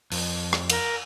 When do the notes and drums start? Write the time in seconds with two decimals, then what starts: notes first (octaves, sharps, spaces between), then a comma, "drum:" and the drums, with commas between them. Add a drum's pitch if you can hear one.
0.12 F2, drum: open hi-hat
0.53 drum: rim click
0.70 A#4, drum: cymbal